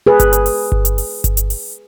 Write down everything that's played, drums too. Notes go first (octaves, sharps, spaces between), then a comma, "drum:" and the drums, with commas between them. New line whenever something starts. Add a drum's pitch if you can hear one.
G#4 B4
drum: kick G1, hi-hat
drum: hi-hat
drum: open hi-hat
drum: kick G1
drum: hi-hat
drum: open hi-hat
drum: kick G1, hi-hat
drum: hi-hat
drum: open hi-hat